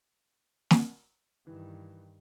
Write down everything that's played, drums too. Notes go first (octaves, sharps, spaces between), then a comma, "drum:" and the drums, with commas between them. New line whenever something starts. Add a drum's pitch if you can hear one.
drum: snare
G2 D#3 E3